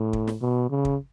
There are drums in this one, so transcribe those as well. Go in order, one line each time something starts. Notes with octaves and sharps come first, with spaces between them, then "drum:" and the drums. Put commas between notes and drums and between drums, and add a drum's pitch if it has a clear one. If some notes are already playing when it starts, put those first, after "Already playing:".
Already playing: A2
drum: kick
drum: snare
B2
C#3
drum: kick